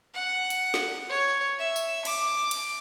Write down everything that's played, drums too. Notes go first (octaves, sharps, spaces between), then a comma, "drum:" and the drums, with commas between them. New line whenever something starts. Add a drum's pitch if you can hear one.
F#5
drum: hi-hat
drum: snare
C#5
E5
drum: tambourine
D6, drum: cymbal
drum: cymbal